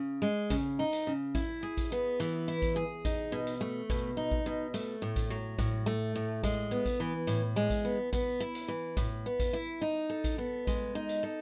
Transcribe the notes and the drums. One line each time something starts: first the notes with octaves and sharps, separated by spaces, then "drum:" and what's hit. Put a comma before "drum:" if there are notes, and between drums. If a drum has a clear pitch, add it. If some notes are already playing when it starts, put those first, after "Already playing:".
Already playing: C#3
G#3
C#3, drum: kick A1, hi-hat
D#4
drum: hi-hat
C#3
E4, drum: kick A1, hi-hat
G#4
drum: kick A1, hi-hat
B3
E3, drum: hi-hat
E4
drum: kick A1, hi-hat
G#4
D#4, drum: kick A1, hi-hat
B2
drum: hi-hat
A3
B2, drum: kick A1, hi-hat
D#4
drum: kick A1
B2
A3, drum: hi-hat
A2
drum: kick A1, hi-hat
F#3
A2, drum: kick A1, hi-hat
A3
A2
G#3, drum: kick A1, hi-hat
B3
drum: kick A1, hi-hat
E3
A2, drum: hi-hat
G#3
drum: kick A1, hi-hat
B3
B3, drum: kick A1, hi-hat
E4
drum: hi-hat
E3
A2, drum: kick A1, hi-hat
B3
drum: kick A1, hi-hat
E4
D#4
A4
drum: kick A1, hi-hat
B3
G#3, drum: kick A1, hi-hat
D#4
drum: hi-hat
A4